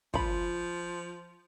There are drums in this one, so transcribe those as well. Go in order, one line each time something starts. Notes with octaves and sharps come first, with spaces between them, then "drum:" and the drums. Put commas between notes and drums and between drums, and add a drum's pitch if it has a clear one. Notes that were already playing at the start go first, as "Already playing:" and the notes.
F3 F4 B5, drum: kick